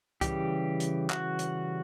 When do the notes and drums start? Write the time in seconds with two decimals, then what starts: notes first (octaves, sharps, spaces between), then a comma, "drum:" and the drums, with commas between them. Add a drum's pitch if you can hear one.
0.21 C#3 E3 G3 G4, drum: kick C2, hi-hat
0.80 drum: hi-hat
1.10 F#4, drum: clap
1.39 drum: hi-hat